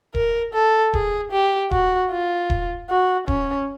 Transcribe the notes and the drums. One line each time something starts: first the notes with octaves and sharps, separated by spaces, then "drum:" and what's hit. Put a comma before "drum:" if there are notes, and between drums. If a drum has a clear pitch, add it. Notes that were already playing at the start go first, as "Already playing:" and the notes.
A#4, drum: kick D#1
A4
G#4, drum: kick D#1
G4
F#4, drum: kick D#1
F4
drum: kick D#1
F#4
C#4, drum: kick D#1